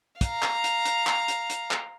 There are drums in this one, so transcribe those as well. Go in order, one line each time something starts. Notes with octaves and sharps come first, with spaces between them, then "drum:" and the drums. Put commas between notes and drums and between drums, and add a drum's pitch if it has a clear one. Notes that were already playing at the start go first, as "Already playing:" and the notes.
F5 A#5, drum: kick, hi-hat
drum: clap
drum: hi-hat
drum: hi-hat
drum: clap
drum: hi-hat
drum: hi-hat
drum: clap